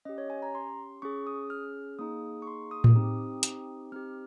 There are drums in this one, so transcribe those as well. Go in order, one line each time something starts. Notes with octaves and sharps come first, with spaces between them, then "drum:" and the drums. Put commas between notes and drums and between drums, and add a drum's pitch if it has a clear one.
C#4 G4 D#5
C#5
G#5
A#5
C6
C#4 G#4 C#6
D#6
F6
A#3 D#4 G#4 D#6
C#6
C6
D#6
drum: tom A2
C4 D#4 G4
drum: hi-hat
C4 D#4 G4 F6